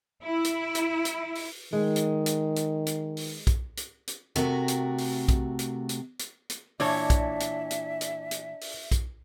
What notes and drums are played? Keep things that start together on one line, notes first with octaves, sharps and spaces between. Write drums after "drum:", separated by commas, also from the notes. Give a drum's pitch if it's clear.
E4
drum: hi-hat
drum: hi-hat
drum: hi-hat
drum: open hi-hat
D#3 G#3
drum: hi-hat
drum: hi-hat
drum: hi-hat
drum: hi-hat
drum: open hi-hat
drum: kick, hi-hat
drum: hi-hat
drum: hi-hat
C3 A3 F#4 A#4, drum: hi-hat
drum: hi-hat
drum: open hi-hat
drum: kick, hi-hat
drum: hi-hat
drum: hi-hat
drum: hi-hat
drum: hi-hat
A#2 E3 D4 C#5 D5 E5 A5, drum: open hi-hat
drum: kick, hi-hat
drum: hi-hat
drum: hi-hat
drum: hi-hat
drum: hi-hat
drum: open hi-hat
drum: kick, hi-hat